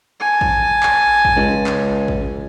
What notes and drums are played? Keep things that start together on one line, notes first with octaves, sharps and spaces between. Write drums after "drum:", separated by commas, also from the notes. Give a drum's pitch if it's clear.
G#5 A5
drum: kick A1
drum: clap
drum: kick A1
C#2
drum: clap
drum: kick A1